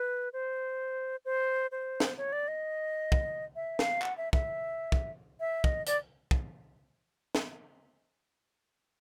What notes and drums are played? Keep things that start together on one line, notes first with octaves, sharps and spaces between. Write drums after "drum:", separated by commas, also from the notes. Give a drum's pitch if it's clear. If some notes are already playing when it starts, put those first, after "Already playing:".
Already playing: B4
C5
C5
C5
drum: snare
C#5
D5
D#5
drum: kick
E5
F5, drum: snare
F#5, drum: clap
E5
E5, drum: kick
drum: kick
E5
D#5, drum: kick
D5, drum: hi-hat
drum: kick
drum: snare